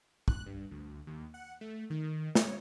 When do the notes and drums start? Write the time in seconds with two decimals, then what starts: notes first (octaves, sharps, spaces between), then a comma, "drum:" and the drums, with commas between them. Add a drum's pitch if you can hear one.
0.28 F#6, drum: kick
0.46 G2
0.71 D2
1.07 D#2
1.34 F#5
1.61 A3
1.90 D#3
2.35 C#5, drum: snare